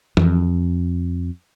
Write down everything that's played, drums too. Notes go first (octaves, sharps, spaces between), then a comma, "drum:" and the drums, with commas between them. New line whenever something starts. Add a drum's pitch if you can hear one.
F2, drum: tom E3